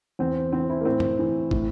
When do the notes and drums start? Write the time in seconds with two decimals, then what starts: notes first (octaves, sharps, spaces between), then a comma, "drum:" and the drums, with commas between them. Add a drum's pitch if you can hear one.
0.19 E2 C4
0.52 E3 C4
0.70 E4
0.81 A#3
0.85 A2 C4
1.00 drum: tom F#2
1.19 E3
1.51 A2, drum: kick